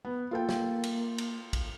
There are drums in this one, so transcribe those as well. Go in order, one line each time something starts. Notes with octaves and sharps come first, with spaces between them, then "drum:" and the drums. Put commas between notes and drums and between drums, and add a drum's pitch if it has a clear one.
B3
A#3 F4 A4 G5
drum: snare
drum: cymbal
drum: cymbal
drum: kick, cymbal